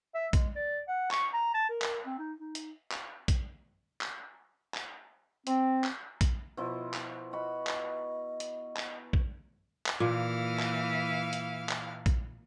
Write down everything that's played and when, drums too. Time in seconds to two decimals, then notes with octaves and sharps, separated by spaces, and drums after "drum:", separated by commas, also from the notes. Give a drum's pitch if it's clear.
0.14 E5
0.33 G#3, drum: kick, hi-hat
0.55 D5
0.88 F#5
1.11 C#6, drum: clap
1.33 A#5
1.54 A5
1.69 A#4
1.82 drum: clap
2.06 C4
2.19 D#4
2.40 D#4
2.55 drum: hi-hat
2.92 drum: clap
3.28 drum: kick, hi-hat
4.01 drum: clap
4.75 drum: clap
5.47 C4, drum: hi-hat
5.84 drum: clap
6.21 drum: kick, hi-hat
6.57 B2 F3 E4
6.94 drum: clap
7.33 F#4 D#5 B5
7.67 drum: clap
8.40 drum: hi-hat
8.77 drum: clap
9.13 drum: kick
9.86 drum: clap
10.00 A#2 E3 F5
10.60 drum: clap
11.33 drum: hi-hat
11.69 drum: clap
12.06 drum: kick, hi-hat